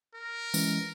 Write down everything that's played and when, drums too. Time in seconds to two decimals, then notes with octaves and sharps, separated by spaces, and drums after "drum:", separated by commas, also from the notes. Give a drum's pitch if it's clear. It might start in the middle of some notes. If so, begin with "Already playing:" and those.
0.15 A#4
0.54 E3 G#3 C#4, drum: tambourine